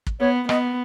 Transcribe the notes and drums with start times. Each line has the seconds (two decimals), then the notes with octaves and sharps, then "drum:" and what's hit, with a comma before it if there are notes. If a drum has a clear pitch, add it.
0.07 drum: kick
0.21 B3 C#5
0.49 B3 D#5, drum: rim click